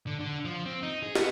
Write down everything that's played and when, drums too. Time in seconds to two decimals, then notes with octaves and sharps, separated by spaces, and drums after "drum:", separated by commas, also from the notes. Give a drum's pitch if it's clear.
0.07 D3
0.20 D3
0.45 F3
0.66 C4
0.83 D#4
1.03 G#4
1.15 B3, drum: snare